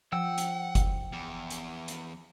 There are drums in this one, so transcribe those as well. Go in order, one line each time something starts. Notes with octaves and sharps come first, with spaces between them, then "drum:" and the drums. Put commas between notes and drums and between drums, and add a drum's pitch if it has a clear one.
F3 F#5 G5 E6
drum: hi-hat
drum: kick F#1, hi-hat
E2
drum: hi-hat
drum: hi-hat